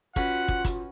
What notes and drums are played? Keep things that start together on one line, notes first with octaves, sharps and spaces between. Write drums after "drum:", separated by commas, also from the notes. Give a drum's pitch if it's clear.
C#4 F4 F#4 B4 F#5, drum: kick
drum: kick
drum: kick, hi-hat